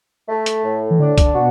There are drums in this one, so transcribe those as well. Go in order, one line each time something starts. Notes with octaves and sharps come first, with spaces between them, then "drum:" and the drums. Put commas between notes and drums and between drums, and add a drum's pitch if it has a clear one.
A3
drum: hi-hat
A2
E3
D3 D4
drum: kick, hi-hat
B2 F#4